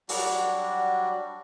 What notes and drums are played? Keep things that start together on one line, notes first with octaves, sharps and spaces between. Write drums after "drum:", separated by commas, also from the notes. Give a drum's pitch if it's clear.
F#3 G3 D4 F#4, drum: open hi-hat